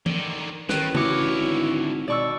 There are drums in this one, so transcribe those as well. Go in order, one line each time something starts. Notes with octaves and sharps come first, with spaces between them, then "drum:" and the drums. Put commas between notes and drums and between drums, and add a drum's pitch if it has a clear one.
D3 D#3, drum: tom E3
A1 A2 D#3 B4, drum: snare
D2 E4 F#4 C#5 D6 F6, drum: tom
G#1
G#1 B2 D5 C#6 E6